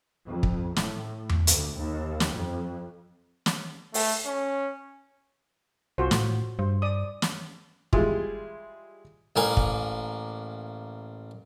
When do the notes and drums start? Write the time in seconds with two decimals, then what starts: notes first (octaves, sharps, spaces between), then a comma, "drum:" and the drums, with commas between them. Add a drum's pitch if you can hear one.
0.26 F2
0.43 drum: kick
0.76 A2, drum: snare
1.29 drum: tom E2
1.47 D2, drum: hi-hat
1.77 D#2
2.20 drum: snare
2.31 F2
3.46 drum: snare
3.94 A3, drum: open hi-hat
4.25 C#4
5.98 C2 F4 F#4 C5
6.11 A2, drum: snare
6.59 G2 C5
6.82 D5 D#6
7.22 drum: snare
7.93 G3 G#3 E4 F4, drum: kick
9.36 A1 A#3 G#5
9.57 drum: kick